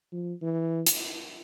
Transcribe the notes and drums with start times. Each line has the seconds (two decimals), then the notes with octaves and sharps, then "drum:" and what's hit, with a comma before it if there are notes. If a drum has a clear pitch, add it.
0.12 F3
0.42 E3
0.86 drum: hi-hat